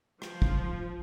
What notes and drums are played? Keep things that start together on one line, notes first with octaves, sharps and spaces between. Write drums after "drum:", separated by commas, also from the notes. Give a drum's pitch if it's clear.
F3, drum: rim click
drum: kick